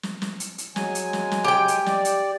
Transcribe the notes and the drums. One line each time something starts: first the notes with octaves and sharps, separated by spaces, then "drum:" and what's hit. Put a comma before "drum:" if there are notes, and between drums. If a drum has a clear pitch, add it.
drum: snare
drum: snare
drum: hi-hat
drum: hi-hat
F#3 G#3 G#5, drum: snare
drum: hi-hat
drum: snare
drum: snare
G4 G5
drum: hi-hat
D5, drum: snare
drum: hi-hat